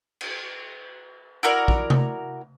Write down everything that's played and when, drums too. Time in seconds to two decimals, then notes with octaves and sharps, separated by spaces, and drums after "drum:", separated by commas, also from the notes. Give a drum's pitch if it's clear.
0.21 drum: cymbal
1.43 E4 F#4 A#4 D5
1.68 drum: kick
1.90 drum: tom C3